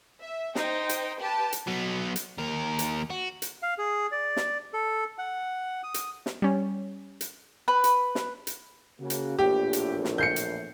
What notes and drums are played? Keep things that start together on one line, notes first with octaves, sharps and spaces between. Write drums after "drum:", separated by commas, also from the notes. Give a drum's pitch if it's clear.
E5
D#4 C5 G5, drum: snare
drum: hi-hat
G4 B4 A5
drum: hi-hat
F#3 B3
drum: hi-hat
D#2 A#4
drum: hi-hat
F#4
drum: hi-hat
F5
G#4
D5
drum: snare
A4
F#5
D#6
drum: hi-hat
drum: snare
G3 C#4
drum: hi-hat
B4
drum: hi-hat
drum: snare
drum: hi-hat
C#3 A#3 F#4
drum: hi-hat
A#1 E2 A2 G4
drum: hi-hat
drum: snare
G6 C7 C#7
drum: hi-hat